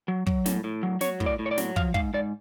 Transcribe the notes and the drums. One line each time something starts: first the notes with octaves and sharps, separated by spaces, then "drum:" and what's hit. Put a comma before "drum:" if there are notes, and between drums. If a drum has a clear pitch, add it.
F#3
F#3, drum: kick
A2, drum: snare
A2
F#3
F#3 C#5, drum: snare
A2, drum: kick
D5
A2
C#5
D5
F#3, drum: snare
F3 F5, drum: kick
G#2 F5, drum: kick
G#2 D5